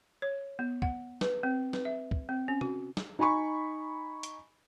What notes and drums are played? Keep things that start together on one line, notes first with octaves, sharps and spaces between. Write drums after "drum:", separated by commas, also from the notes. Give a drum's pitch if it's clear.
C#5
B3
F#5, drum: kick
B4, drum: snare
C4
B4, drum: snare
E5
drum: kick
C4
C#4
F#4, drum: tom
drum: snare
D#4 G#5 B5 C#6
drum: hi-hat